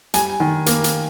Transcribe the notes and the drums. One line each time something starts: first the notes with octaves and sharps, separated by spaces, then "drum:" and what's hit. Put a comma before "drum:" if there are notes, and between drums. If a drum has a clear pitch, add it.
G3 G#5, drum: hi-hat
D#3
A#3, drum: hi-hat
drum: hi-hat